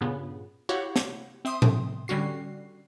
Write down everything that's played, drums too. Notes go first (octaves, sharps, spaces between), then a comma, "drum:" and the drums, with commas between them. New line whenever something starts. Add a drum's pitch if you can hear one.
G2 A#2 C#3 B3
E4 F#4 G4 C#5 F5 F#5
drum: snare
C4 E5 C6 D#6
drum: tom A2
D3 G3 C#4 F#4 C7